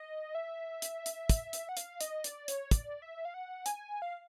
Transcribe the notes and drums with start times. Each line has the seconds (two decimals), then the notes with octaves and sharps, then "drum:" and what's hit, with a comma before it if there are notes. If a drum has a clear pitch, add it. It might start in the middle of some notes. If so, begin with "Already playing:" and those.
Already playing: D#5
0.35 E5
0.82 drum: hi-hat
1.06 drum: hi-hat
1.29 drum: kick, hi-hat
1.53 drum: hi-hat
1.69 F#5
1.77 F5, drum: hi-hat
2.01 D#5, drum: hi-hat
2.24 D5, drum: hi-hat
2.48 C#5, drum: hi-hat
2.71 D5, drum: kick, hi-hat
3.02 E5
3.25 F5
3.34 F#5
3.66 G#5, drum: hi-hat
4.02 F5